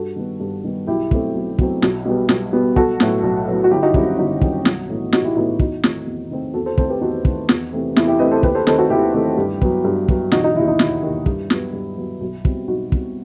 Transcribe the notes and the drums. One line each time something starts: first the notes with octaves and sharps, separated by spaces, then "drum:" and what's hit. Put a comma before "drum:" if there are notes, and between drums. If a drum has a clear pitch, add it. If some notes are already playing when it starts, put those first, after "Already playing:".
Already playing: G2 F#4 A4
D#3 G3 B3
G2
D#3 G3 B3
B1 E4 G4
B2 F#3 A3 C4, drum: kick
B1
B2 F#3 A3 C4, drum: kick
B1, drum: snare
B2 G3 B3
B1, drum: snare
B2 G3 B3
B1 F#4 A4, drum: kick
A2 F#3 B3, drum: snare
B1
A2 F#3 B3
F#4
G1 E4 G4
D#4 F#4
F#2 D#3 G3 C4 E4, drum: kick
E4
G1 D#4 F#4
F#2 D#3 G3 C4, drum: kick
B1, drum: snare
A2 E3 B3
B1 D#4 F#4, drum: snare
E4 G4
A2 E3 B3 D#4 F#4
E2 D#4 F#4, drum: kick
D#3 A3 C4, drum: snare
E2
D#3 A3 C4
E2 F#4 A4
A4 C5
D#3 A3 C4 A4 C5, drum: kick
G4 B4
E2 D#4 F#4
D#3 A3 C4, drum: kick
E2, drum: snare
C3 E3 A3 C4
E2 E4, drum: snare
E4 G4
C3 E3 A3 C4 B4 D#5
A4 C5
D#2 G4 B4, drum: kick
A4 C5
D#3 A3 C4 A4 C5, drum: snare
F#4 A4
D#2 E4 G4
D#3 A3 C4
G2
F#3 B3, drum: kick
G2
F#3 B3, drum: kick
E1 D#4 F#4, drum: snare
D#4 F#4
D#2 D#3 E4
D#4
E1 E4, drum: snare
D#2 D#3
G2, drum: kick
F#3 B3, drum: snare
G2
F#3 B3
B1
B2 G3 C4, drum: kick
B1 D#4 F#4
B2 G3 C4, drum: kick